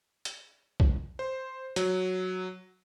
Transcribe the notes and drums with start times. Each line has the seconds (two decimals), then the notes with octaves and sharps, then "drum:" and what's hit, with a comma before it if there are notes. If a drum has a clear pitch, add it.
0.25 drum: hi-hat
0.80 drum: kick
1.19 C5
1.76 F#3, drum: hi-hat